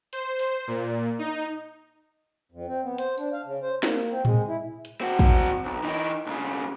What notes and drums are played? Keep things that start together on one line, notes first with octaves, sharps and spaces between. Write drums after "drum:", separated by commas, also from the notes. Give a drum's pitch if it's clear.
C5, drum: hi-hat
drum: open hi-hat
A#2
D#4
F2
C4
B3
C5, drum: hi-hat
D4, drum: tambourine
F5
C#3
C5
A#3, drum: snare
C4
G#3, drum: tom A2
E4
drum: hi-hat
C4 F#4
drum: kick
B1
E3 D#4
B1 C#3